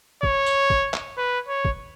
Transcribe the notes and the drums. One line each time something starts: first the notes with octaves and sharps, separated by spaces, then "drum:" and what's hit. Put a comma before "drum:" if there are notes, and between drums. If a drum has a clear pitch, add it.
C#5, drum: kick
drum: tambourine
drum: kick
drum: clap
B4
C#5
drum: kick